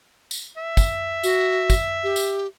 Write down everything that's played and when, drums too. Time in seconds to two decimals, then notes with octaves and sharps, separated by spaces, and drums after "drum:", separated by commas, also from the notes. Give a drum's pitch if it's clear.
0.31 drum: tambourine
0.57 E5
0.77 drum: kick, tambourine
1.23 F#4, drum: tambourine
1.70 drum: kick, tambourine
2.04 G4
2.16 drum: tambourine